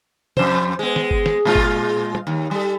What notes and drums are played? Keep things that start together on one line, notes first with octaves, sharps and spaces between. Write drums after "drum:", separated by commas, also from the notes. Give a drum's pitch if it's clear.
F2 C5, drum: tom
G#3 B3
drum: snare
drum: kick G1
drum: snare
A#2 G#3 F4
drum: kick G1
drum: tom
D#2
G3 A4